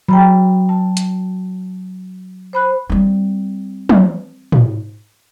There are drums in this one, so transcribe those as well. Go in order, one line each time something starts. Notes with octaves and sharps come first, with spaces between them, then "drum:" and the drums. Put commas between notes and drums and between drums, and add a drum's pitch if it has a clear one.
F#3 G5 A#5 B5
A5
drum: hi-hat
C5 B5 F#6
G3 C4
drum: tom
drum: tom